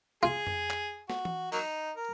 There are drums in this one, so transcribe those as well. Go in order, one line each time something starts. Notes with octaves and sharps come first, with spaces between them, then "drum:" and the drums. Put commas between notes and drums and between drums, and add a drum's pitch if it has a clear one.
F4 G#4
drum: tom F2
drum: clap
F#4, drum: snare
drum: tom E3
F#3 A#3 D#4, drum: open hi-hat
A#4